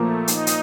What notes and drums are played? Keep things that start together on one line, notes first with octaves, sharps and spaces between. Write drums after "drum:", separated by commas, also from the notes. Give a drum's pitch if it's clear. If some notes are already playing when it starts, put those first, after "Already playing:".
Already playing: A#2 F3 A3 A#3
D#4, drum: hi-hat
drum: hi-hat